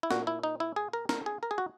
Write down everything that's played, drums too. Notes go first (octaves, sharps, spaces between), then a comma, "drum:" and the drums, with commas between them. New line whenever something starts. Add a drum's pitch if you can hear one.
E4
A#2 F#4, drum: snare
E4
D#4
E4
G#4
A#4
A#4, drum: snare
G#4
A#4
G#4
F#4